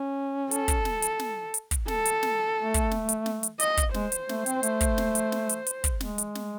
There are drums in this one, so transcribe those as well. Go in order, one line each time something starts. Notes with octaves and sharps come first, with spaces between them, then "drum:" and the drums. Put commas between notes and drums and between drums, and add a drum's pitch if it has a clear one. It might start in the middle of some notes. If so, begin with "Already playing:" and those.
Already playing: C#4
A4, drum: hi-hat
drum: kick, hi-hat
drum: snare
drum: hi-hat
drum: snare
drum: hi-hat
drum: kick, hi-hat
A4, drum: snare
drum: hi-hat
drum: snare
A3
drum: kick, hi-hat
drum: snare
drum: hi-hat
drum: snare
drum: hi-hat
D#5, drum: hi-hat
drum: kick, hi-hat
G#3 C5, drum: snare
drum: hi-hat
A3, drum: snare
C4, drum: hi-hat
A3, drum: hi-hat
drum: kick, hi-hat
drum: snare
drum: hi-hat
drum: snare
drum: hi-hat
drum: hi-hat
drum: kick, hi-hat
G#3, drum: snare
drum: hi-hat
drum: snare